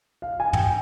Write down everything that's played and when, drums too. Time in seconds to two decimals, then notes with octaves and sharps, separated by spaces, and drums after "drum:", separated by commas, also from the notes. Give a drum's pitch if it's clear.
0.22 F5
0.40 G#5
0.53 G5, drum: tom